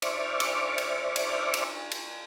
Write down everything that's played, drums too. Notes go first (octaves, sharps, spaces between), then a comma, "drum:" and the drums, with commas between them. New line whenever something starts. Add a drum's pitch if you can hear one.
C5 D5 E5 C#6 D6 F6, drum: cymbal
drum: cymbal
drum: cymbal
drum: cymbal
drum: cymbal
drum: cymbal